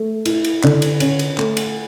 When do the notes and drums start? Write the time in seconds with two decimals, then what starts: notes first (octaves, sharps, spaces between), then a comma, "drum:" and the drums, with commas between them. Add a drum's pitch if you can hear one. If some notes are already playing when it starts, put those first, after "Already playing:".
Already playing: A3
0.25 E4, drum: cymbal
0.44 drum: cymbal
0.64 D3, drum: clap
0.82 drum: cymbal
1.00 C#4, drum: cymbal
1.19 drum: cymbal
1.38 A3, drum: clap
1.57 drum: cymbal